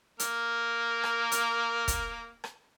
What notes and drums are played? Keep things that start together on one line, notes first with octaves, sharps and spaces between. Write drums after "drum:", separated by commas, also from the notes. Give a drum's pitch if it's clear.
A#3 A#4, drum: hi-hat
drum: rim click
drum: hi-hat
drum: kick, hi-hat
drum: rim click